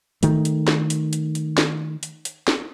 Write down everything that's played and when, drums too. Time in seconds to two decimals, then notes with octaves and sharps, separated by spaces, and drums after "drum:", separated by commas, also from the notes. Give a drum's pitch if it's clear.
0.23 D#3 A3, drum: hi-hat
0.45 drum: hi-hat
0.68 drum: snare
0.90 drum: hi-hat
1.13 drum: hi-hat
1.35 drum: hi-hat
1.58 drum: snare
2.03 drum: hi-hat
2.25 drum: hi-hat
2.48 drum: snare